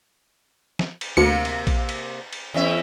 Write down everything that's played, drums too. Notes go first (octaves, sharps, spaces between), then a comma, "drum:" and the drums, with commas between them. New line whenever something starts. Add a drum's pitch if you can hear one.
drum: snare
drum: cymbal
D2 C3 A#3 C#7
drum: cymbal
drum: kick A#1, cymbal
drum: cymbal
drum: cymbal
E2 C#4 E5